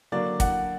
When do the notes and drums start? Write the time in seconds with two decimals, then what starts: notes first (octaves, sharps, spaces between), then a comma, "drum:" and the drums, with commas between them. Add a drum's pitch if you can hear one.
0.12 D3 F#3 A#3 D4 D5
0.40 F#5, drum: kick, hi-hat